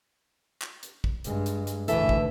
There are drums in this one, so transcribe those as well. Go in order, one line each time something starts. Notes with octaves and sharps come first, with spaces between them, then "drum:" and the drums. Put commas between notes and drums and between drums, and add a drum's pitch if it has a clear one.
drum: clap
drum: hi-hat
drum: kick
G2 G#3, drum: hi-hat
drum: hi-hat
drum: hi-hat
G#1 D2 B2 E3 A4 E5, drum: hi-hat
drum: kick